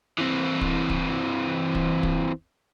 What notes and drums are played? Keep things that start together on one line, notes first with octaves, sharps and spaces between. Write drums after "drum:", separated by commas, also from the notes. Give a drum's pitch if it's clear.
E3 C4
drum: kick
drum: kick
drum: kick
drum: kick